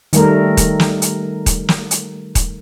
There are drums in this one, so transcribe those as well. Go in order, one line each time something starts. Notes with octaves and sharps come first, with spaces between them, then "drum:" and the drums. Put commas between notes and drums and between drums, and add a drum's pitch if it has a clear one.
D#3 G3 A3 A#4, drum: hi-hat
drum: kick D#1, hi-hat
drum: snare
drum: hi-hat
drum: kick D#1, hi-hat
drum: snare
drum: hi-hat
drum: kick D#1, hi-hat